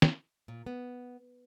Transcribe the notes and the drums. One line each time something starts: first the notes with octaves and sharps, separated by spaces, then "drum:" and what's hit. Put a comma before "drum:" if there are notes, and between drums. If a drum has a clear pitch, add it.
drum: snare
A#2
B3